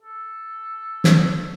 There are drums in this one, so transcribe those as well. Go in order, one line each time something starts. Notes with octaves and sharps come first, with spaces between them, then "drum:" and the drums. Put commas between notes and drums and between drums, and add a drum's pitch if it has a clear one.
A4
drum: snare